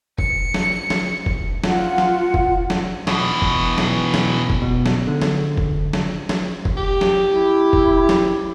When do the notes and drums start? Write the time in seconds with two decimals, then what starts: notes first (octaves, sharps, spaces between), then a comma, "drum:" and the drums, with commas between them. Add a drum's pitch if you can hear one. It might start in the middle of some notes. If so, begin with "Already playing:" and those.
0.18 C#7, drum: kick F1
0.54 drum: snare
0.90 drum: snare
1.26 drum: kick F1
1.64 F4 F#5, drum: snare
1.98 drum: snare
2.34 drum: kick F1
2.70 drum: snare
3.07 B2 E3, drum: snare
3.42 drum: kick F1
3.78 drum: snare
4.14 drum: snare
4.50 drum: kick F1
4.62 B2
4.86 drum: snare
5.07 D3
5.22 drum: snare
5.58 drum: kick F1
5.93 drum: snare
6.29 drum: snare
6.65 drum: kick F1
6.77 G4
7.01 drum: snare
7.30 E4
7.73 drum: kick F1
8.09 drum: snare